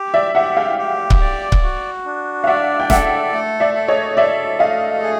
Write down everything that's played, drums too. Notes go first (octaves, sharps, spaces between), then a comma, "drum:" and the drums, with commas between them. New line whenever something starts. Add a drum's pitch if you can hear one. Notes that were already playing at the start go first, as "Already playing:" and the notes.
Already playing: G4
D5 E5
G4 E5 F#5
F5 G5
G4
drum: kick C#1
D5
drum: kick C#1
F#4
D4
F5
D5 E5 F#5
G5
A4 E5 F#5, drum: snare
A3
D5 E5
A4
C#5 D#5
A4 D5 E5
A3 D#5 F5
G#4